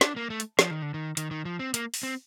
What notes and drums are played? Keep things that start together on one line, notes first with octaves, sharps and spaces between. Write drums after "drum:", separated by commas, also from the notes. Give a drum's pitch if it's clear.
D4, drum: snare
A#3
A3
drum: hi-hat
F3, drum: snare
D#3
D3
D#3
D#3, drum: hi-hat
D#3
F3
C4
A#3, drum: hi-hat
drum: open hi-hat
C4